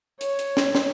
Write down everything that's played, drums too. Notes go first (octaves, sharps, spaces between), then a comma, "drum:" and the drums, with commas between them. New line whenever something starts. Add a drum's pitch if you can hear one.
C#5, drum: hi-hat
drum: hi-hat
drum: snare
drum: snare